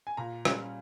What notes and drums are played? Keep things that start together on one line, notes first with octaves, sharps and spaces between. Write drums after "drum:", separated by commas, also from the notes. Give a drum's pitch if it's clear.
G#5
A#2 A#5
G3 C#4, drum: rim click